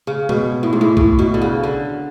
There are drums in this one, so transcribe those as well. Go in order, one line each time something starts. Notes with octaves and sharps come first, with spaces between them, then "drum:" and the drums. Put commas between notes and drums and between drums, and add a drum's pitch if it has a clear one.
C#3
B2, drum: tom
A2
G#2
A2
A2, drum: kick
B2
D3
C#3
D3